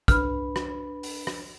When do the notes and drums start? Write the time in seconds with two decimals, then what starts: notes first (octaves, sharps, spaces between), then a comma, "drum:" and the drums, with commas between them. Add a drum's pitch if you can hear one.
0.08 D4 B4 B5 F6, drum: kick, hi-hat
0.56 drum: rim click
1.03 drum: open hi-hat
1.27 drum: rim click